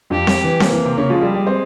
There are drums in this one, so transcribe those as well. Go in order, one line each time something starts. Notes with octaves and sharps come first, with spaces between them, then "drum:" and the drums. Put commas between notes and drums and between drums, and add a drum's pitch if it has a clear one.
F2 F3 G4
drum: snare C4
E3
E3 A#3, drum: snare C4
E3
C3 C4
C#3 C#4
F3 G#3 F4
G3 G4
G3 G4
C4 C5